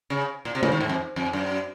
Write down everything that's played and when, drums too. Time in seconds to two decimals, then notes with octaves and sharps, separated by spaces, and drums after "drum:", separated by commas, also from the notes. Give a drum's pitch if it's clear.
0.10 C#3
0.45 A#2
0.55 C3
0.63 C#3, drum: tom G#3
0.72 D#3
0.80 G#2
0.89 F2
1.16 F2
1.33 F#2